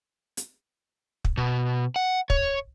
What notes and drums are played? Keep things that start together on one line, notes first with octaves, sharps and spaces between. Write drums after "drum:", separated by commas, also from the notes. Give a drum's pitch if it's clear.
drum: hi-hat
drum: kick
B2
F#5
C#5, drum: kick